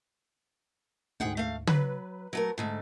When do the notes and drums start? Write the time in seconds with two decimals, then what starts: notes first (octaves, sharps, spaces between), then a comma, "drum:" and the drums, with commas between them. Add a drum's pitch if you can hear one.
1.20 D2 G#2 G#4 F#5 G5
1.37 A3 F5
1.67 F#3 B4, drum: tom
2.33 F#3 A3 A#4
2.58 G#2 D3 A3